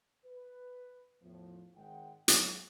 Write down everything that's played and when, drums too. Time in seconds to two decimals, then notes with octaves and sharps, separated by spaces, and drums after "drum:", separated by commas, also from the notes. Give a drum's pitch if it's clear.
0.25 B4
1.22 E2 A2 F3
1.76 G#1 G#3 F#5 G5
2.28 F#3 G#3, drum: hi-hat